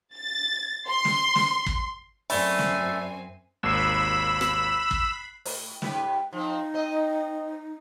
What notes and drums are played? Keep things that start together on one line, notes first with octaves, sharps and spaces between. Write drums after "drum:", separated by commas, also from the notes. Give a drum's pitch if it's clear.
A6
C6
drum: snare
drum: snare
drum: kick
F#2 A3 C4 D5 G#5 B5, drum: open hi-hat
drum: snare
G#1 D#2 B5 E6 F#6 C7
drum: rim click
drum: kick
A2, drum: open hi-hat
G#2 G4 B4, drum: snare
F3 C4 D#4
C4 D#5